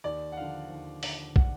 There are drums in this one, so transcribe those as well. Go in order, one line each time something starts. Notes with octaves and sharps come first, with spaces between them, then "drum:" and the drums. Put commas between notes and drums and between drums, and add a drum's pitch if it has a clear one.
D#2 D5
F#5
D3 F3 F5
D#2
D3 F3, drum: open hi-hat
F#5, drum: kick